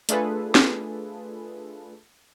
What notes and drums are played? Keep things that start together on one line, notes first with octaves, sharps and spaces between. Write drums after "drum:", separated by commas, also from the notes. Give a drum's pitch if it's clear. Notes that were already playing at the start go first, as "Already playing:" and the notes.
A3 D4 F4 G#4 A4 B4, drum: hi-hat
drum: snare